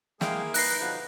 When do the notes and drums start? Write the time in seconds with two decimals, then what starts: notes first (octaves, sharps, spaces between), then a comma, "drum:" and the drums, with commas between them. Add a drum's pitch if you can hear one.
0.21 G#3 A#3 E4 G#4 F5 G5, drum: snare
0.54 D#4 B4 F#6 A#6 C7, drum: open hi-hat
0.81 B2 D3 F3